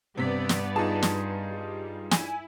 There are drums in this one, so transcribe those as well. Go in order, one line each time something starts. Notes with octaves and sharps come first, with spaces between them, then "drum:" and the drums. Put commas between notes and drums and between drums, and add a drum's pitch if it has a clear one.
G2 C3 B3 D5 B6
drum: snare
D#4 F4 G#4 A5
drum: snare
G3
E4 G#5, drum: snare